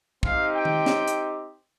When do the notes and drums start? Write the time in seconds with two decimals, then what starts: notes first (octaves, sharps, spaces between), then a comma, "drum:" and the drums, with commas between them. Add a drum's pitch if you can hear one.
0.23 C4 D#4 G4 F5, drum: kick
0.55 G5
0.65 drum: tom D#3
0.86 drum: snare
1.08 drum: hi-hat